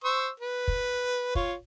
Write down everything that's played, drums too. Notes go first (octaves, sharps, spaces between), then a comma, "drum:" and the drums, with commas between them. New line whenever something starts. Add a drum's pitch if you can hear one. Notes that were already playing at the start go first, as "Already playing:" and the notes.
C5 C#6 E6
B4
drum: kick
F4 C#5, drum: kick